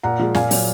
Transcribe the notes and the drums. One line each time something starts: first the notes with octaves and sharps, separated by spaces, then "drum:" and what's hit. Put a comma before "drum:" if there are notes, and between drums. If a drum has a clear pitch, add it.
A#2 F#5 A#5
F3 G#3
A#2 F5 G#5, drum: snare
F#3, drum: open hi-hat